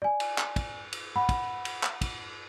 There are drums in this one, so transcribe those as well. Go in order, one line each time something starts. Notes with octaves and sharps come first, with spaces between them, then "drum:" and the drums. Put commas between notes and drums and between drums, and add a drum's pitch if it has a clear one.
D5 G#5
drum: cymbal
drum: clap
drum: kick, cymbal
drum: cymbal
F#5 B5
drum: kick, cymbal
drum: cymbal
drum: clap
drum: kick, cymbal